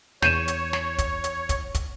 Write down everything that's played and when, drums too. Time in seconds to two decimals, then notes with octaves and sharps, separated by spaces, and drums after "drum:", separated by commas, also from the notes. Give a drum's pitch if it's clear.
0.22 E2 C#5 G6 D#7 E7, drum: snare
0.48 drum: hi-hat
0.73 drum: snare
0.98 drum: kick, hi-hat
1.24 drum: hi-hat
1.49 drum: kick, hi-hat
1.75 drum: kick, hi-hat